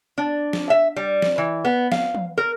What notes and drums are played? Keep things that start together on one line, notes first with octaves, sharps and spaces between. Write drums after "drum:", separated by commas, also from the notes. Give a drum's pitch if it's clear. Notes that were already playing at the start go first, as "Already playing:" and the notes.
D4
drum: snare
E5
G3
drum: snare
E3
B3
F5, drum: snare
drum: tom
A#4